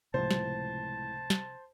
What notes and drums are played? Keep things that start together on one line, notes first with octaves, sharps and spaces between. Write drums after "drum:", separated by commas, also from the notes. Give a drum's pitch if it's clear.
C#2 A2 C3 F3 C5 A5
drum: snare
drum: snare